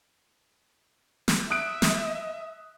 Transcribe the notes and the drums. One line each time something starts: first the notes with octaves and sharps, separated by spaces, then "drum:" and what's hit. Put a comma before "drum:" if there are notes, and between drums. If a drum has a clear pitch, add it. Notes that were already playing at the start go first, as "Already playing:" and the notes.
drum: snare
E5 D#6 F#6 D7
drum: snare